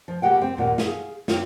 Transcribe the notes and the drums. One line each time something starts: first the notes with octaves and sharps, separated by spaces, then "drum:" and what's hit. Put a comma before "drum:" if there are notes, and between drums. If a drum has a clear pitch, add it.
F3
C#3 A#3 G4 F#5 G5
C4
D#2 A#2 F#5
G#4 F5, drum: snare
A#3 C4 D4 F4 C#5, drum: snare